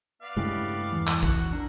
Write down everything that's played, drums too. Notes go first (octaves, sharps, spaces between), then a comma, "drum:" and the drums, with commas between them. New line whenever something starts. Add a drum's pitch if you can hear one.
B3 D5 F5
G2 C#3 G#3 A3 E4 G4
E2
drum: clap
F#4 F#5, drum: kick A#1
D4 A#4